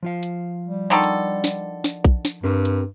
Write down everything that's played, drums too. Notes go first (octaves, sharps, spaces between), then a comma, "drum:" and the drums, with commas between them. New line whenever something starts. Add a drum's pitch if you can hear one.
F3 F4 F5
drum: hi-hat
G3
D3 D#3 A4
drum: hi-hat
drum: snare
drum: snare
drum: kick B1
drum: snare
G2 C4 G4 A#4
drum: hi-hat